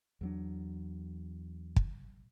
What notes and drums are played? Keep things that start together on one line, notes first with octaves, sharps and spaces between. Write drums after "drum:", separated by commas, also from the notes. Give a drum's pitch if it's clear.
E2 F#3 D4
drum: kick